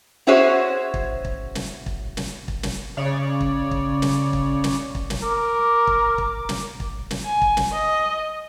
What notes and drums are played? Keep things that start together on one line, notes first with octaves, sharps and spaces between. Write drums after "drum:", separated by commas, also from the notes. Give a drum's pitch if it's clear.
C#4 E4 F#4 G#4 C5 C#5
drum: kick
drum: kick
drum: snare
drum: kick
drum: snare
drum: kick
drum: snare
C#3 C#5 D5
drum: kick
drum: kick
drum: snare
drum: kick
drum: snare
drum: kick
drum: snare
A#4 D6
drum: kick
drum: kick
drum: snare
drum: kick
drum: snare
G#5
drum: kick
drum: snare
D#5